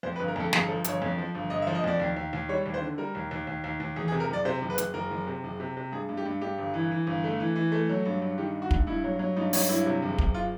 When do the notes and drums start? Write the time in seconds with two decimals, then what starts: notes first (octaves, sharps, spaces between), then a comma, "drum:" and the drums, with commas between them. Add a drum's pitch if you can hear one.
0.03 F2 C5
0.16 B4
0.19 G1
0.28 A#4
0.36 F2 A4
0.53 G1 G#4, drum: snare
0.65 A4
0.69 F3
0.84 G1 C#5, drum: hi-hat
1.02 F2
1.18 F3
1.35 G1
1.50 G1 D#5
1.62 E5
1.67 F3
1.75 D#5
1.84 F2 D5
2.00 D#2
2.16 D#2
2.33 D#2
2.49 G3 C#5
2.66 D#2
2.74 C5
2.81 D3
2.98 G3 A#4
3.15 D#2
3.31 D#2
3.47 D#2
3.64 D#2
3.80 D#2
3.96 E2 G#4
4.08 G#4
4.12 C3
4.20 A#4
4.29 F#1 D5
4.45 C3 C5
4.62 F#1
4.70 B4
4.78 F#1, drum: hi-hat
4.94 F#1 A#4
5.11 F#1
5.27 C3
5.44 F#1
5.60 C3
5.77 C3
5.92 G2 G#4
6.09 G2
6.17 G4
6.25 G2
6.41 G2 G4
6.58 G1
6.74 E3
6.91 E3
7.07 G1
7.24 A3
7.40 E3
7.56 E3
7.72 A3
7.89 F#3
8.06 G2
8.22 G2
8.38 D#3 G4
8.54 G2
8.62 F#4
8.71 G2, drum: kick
8.87 G2 E4
9.04 F#3
9.19 F#3
9.36 G2 D#4
9.53 F#3 D#4, drum: open hi-hat
9.69 G2 E4
9.86 C3
10.02 F#1
10.18 F#1, drum: kick
10.34 F4